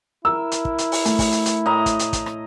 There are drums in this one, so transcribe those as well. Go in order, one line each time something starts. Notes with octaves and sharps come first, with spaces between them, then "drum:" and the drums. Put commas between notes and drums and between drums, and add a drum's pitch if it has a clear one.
E4 A#4 E6
drum: hi-hat
drum: kick
drum: hi-hat
drum: open hi-hat
A3, drum: hi-hat
drum: kick, open hi-hat
drum: hi-hat
drum: hi-hat
A2 D#5 A#5
drum: kick, hi-hat
drum: hi-hat
drum: kick, hi-hat
drum: rim click